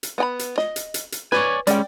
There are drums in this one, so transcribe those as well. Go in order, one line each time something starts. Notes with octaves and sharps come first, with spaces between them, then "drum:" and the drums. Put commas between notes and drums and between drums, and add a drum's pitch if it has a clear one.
drum: hi-hat
B3 G5 B5
drum: hi-hat
D#5, drum: snare
drum: hi-hat
drum: hi-hat
drum: hi-hat
B4 C#5 D5 G#5, drum: snare
G3 G#3 C#4 D5 G5, drum: hi-hat